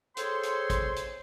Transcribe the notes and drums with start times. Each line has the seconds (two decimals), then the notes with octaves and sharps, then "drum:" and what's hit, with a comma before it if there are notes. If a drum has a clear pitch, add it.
0.17 G#4 A4 C5 C#5 G5 C6, drum: hi-hat
0.43 drum: hi-hat
0.70 drum: kick, hi-hat
0.96 drum: hi-hat